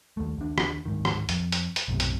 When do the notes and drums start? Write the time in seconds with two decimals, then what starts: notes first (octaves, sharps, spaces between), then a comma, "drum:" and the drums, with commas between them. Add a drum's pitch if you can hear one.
0.17 D#2 A3
0.38 D#2 D4
0.58 drum: rim click
0.86 D1 G#2 D#3
1.05 drum: rim click
1.29 F2, drum: hi-hat
1.52 drum: hi-hat
1.76 drum: hi-hat
1.88 B1 F#2 A2 C3
2.00 drum: hi-hat